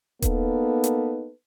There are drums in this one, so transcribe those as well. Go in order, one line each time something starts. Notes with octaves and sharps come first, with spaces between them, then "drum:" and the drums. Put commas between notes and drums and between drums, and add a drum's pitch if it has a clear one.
A#3 B3 D#4 A4 B4, drum: kick D#1, hi-hat
drum: hi-hat